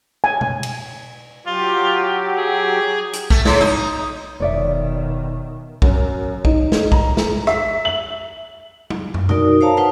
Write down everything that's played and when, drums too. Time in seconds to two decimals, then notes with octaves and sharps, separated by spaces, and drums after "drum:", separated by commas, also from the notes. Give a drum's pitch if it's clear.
0.24 G#5
0.41 drum: tom B2
0.63 drum: cymbal
1.46 F#3 F4 G4
2.37 G#4
3.13 drum: hi-hat
3.30 A3, drum: kick
3.45 A2, drum: snare
3.61 D#4
4.40 F1 B2 D#3 C#5 D5 E5
5.82 F#2, drum: kick
6.45 D#4, drum: kick
6.72 drum: snare
6.92 A#5, drum: kick
7.17 drum: snare
7.47 E5, drum: rim click
7.85 F#7
8.90 drum: tom
9.14 drum: tom
9.29 D#4 F#4 A#4 D5, drum: tom B2
9.61 C5 C#5 F5 A5 A#5
9.77 D#4 B4 C5 F5 F#5